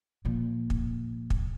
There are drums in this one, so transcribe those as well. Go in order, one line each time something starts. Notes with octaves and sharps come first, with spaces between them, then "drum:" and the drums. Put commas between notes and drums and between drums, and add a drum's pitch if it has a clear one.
A#2 F3
drum: kick
drum: kick